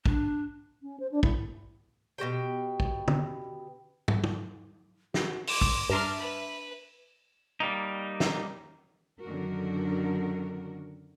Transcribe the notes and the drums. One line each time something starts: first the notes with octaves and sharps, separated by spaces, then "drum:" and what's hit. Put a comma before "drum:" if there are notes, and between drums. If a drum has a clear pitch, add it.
D4, drum: kick
C#4
C5
D4
E4, drum: kick
B2 F#4 G4 G5
drum: kick
drum: tom
drum: tom
drum: tom
F#4, drum: snare
C6 D6, drum: open hi-hat
drum: kick
G2 D4 E5 A#5 C6 F6
B4 B5
G3 A#3 D#4
drum: snare
F#2 D3 D#3 F#4 A#4